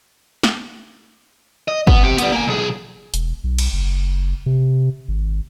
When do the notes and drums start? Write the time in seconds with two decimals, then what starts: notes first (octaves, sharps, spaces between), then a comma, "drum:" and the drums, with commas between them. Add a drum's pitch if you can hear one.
0.43 drum: snare
1.68 D#5
1.87 B3, drum: kick
2.03 C4 G4
2.18 G3 B3, drum: hi-hat
2.32 A#3 G#5
2.48 B1 G#4
3.14 E1, drum: hi-hat
3.44 B1
3.58 drum: cymbal
3.73 F#1
4.46 C3
5.08 G#1